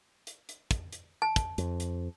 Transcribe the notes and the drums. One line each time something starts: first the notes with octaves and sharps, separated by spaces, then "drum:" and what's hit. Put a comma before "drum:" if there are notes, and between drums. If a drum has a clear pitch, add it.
drum: hi-hat
drum: hi-hat
drum: kick, hi-hat
drum: hi-hat
A5
drum: kick, hi-hat
F2, drum: hi-hat
drum: hi-hat